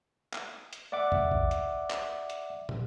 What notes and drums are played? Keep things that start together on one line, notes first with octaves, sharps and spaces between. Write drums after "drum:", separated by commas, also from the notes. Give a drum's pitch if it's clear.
drum: clap
drum: hi-hat
D5 E5 F#5 D6
drum: tom E2
drum: kick A1
drum: hi-hat
drum: clap
drum: hi-hat
drum: tom